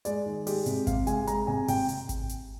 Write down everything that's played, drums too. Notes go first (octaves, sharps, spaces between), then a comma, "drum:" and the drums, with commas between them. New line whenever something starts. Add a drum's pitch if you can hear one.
G#3 D5, drum: hi-hat
D#3
G#3 G4, drum: open hi-hat
C3, drum: hi-hat
C3 F5, drum: kick G#1, hi-hat
G#3 G#5, drum: hi-hat
G#3 A#5, drum: hi-hat
C3 G#5
C3 G5, drum: open hi-hat
drum: hi-hat
drum: kick G#1, hi-hat
drum: hi-hat